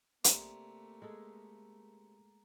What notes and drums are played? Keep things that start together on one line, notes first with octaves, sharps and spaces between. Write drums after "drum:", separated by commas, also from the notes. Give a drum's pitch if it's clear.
C3 A3 A#3 D5 A#5, drum: hi-hat
G#3 G#4 A4